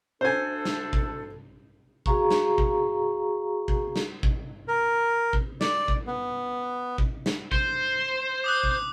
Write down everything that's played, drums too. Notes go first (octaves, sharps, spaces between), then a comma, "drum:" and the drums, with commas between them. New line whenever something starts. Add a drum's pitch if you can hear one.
D2 D4 A4 C5 G#5
drum: snare
drum: kick
F#4 G#4 F5 A#5 C#6, drum: kick
drum: snare
drum: kick
drum: kick
drum: snare
drum: kick
A#4
drum: kick
D5, drum: snare
drum: kick
B3
drum: kick
drum: snare
C5, drum: kick
D6 D#6 F#6
drum: kick